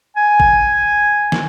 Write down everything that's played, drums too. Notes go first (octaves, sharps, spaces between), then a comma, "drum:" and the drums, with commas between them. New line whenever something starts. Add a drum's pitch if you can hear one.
G#5
drum: kick
drum: snare